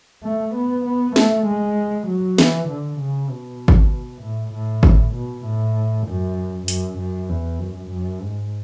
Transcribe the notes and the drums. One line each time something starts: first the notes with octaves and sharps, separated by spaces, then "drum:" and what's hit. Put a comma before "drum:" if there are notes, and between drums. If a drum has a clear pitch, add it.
A3
B3
B3
A3, drum: snare
G#3
F#3
E3, drum: snare
D3
C#3
B2
drum: kick
A2
A2
drum: kick
B2
A2
F#2
F#2, drum: hi-hat
F#2
E2
F#2
F#2
G#2